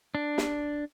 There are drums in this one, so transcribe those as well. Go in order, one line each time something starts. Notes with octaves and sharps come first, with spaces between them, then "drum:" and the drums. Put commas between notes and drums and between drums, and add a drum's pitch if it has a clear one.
D4
drum: snare